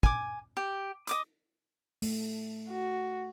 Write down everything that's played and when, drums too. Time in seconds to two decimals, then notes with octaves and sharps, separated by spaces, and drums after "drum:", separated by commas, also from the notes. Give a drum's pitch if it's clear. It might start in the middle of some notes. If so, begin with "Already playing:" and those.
0.03 G#5 D6, drum: kick
0.57 G4
1.07 D#5 D6 D#6, drum: hi-hat
2.02 A3, drum: open hi-hat
2.69 F#4